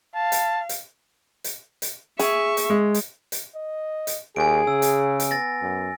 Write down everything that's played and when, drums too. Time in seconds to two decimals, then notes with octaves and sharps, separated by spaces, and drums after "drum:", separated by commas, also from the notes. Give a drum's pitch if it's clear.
0.16 F5 A5
0.32 drum: hi-hat
0.69 drum: hi-hat
1.44 drum: hi-hat
1.82 drum: hi-hat
2.19 G#4 E5 C#6, drum: hi-hat
2.57 drum: hi-hat
2.70 G#3
2.94 drum: hi-hat
3.32 drum: hi-hat
3.55 D#5
4.07 drum: hi-hat
4.36 D#2 G#4 G#5 D7
4.67 C#3 E6
4.82 drum: hi-hat
5.20 drum: hi-hat
5.31 B3 A6 A#6
5.62 F#2